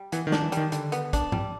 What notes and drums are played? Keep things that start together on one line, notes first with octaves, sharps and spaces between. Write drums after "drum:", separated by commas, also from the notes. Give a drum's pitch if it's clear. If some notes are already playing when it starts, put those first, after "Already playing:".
Already playing: G3
E3 B3, drum: hi-hat
D#3
D4, drum: snare
E3
D#3 G3, drum: hi-hat
D3 G3, drum: hi-hat
B3, drum: hi-hat
D4, drum: kick, hi-hat
G3, drum: tom G2